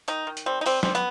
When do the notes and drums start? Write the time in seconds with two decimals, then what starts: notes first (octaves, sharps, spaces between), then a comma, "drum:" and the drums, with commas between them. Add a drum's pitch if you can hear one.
0.08 D#3 D#4, drum: hi-hat
0.27 D#3
0.37 drum: hi-hat
0.46 G3 C4
0.61 D#4
0.66 G3 C4, drum: open hi-hat
0.83 G3 C4, drum: snare
0.95 B3, drum: hi-hat